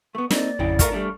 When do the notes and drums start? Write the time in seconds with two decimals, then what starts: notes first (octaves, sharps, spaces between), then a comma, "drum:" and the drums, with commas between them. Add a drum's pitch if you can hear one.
0.15 A3 B3 C#6
0.31 A#3 C4 D#4 D5, drum: snare
0.59 A1 F2 C#3 E4 G5
0.79 A3 F4 A#4 C#6 F6, drum: kick, hi-hat
0.92 G3 A3 D4